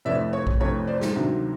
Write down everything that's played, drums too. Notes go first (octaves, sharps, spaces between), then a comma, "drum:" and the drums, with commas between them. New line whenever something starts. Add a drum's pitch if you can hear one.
F2 C3 E3 A3 C#4 D5 E5
C#5
drum: kick A#1
F2 C3 E3 A3 C#4 C#5
C5 D5
drum: snare
D2 C3 D#3 F#3